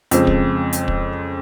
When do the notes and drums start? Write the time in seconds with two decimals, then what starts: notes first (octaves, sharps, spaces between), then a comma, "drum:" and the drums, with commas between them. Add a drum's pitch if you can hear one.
0.11 F2 C#3 F3 G#3 C4, drum: hi-hat
0.27 drum: kick
0.73 drum: hi-hat
0.88 drum: kick